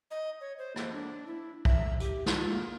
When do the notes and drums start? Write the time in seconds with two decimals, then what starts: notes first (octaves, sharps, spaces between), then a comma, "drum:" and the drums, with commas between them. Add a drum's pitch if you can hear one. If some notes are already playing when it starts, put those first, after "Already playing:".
0.11 D#5
0.41 C#5
0.58 C5
0.76 A#3, drum: rim click
0.93 D4
1.27 E4
1.65 E5, drum: kick
2.00 G4, drum: hi-hat
2.26 F4, drum: snare
2.50 A#3